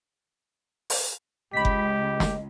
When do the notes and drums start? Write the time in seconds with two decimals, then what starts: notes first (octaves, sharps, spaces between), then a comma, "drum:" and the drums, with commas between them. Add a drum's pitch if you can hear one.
0.90 drum: open hi-hat
1.53 C#2 G4 D#5 B5 B6
1.65 drum: kick F#1
2.20 drum: snare